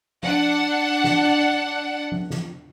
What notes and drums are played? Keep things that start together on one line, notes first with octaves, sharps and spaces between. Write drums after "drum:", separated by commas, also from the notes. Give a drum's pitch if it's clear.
D4 F#5, drum: tom F3
drum: snare
drum: tom F3
drum: snare